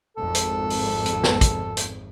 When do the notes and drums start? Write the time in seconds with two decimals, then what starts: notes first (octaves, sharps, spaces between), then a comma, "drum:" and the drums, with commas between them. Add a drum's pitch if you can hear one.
0.17 G#1 F2 A4
0.35 drum: hi-hat
0.70 drum: open hi-hat
1.06 drum: hi-hat
1.23 drum: snare
1.41 drum: kick, hi-hat
1.77 drum: hi-hat